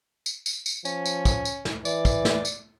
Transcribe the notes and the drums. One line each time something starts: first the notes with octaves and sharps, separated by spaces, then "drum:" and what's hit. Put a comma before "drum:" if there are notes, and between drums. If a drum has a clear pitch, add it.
drum: tambourine
drum: tambourine
drum: tambourine
F3 C#4, drum: tambourine
drum: tambourine
drum: kick, tambourine
drum: tambourine
drum: snare
E3 D5, drum: tambourine
drum: kick, tambourine
drum: snare
drum: tambourine